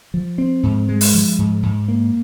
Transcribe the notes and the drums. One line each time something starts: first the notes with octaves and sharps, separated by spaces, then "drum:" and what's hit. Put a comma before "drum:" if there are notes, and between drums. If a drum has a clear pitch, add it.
F3
C4
G#2
G#3
drum: open hi-hat
F3
G#2
G#2
A#3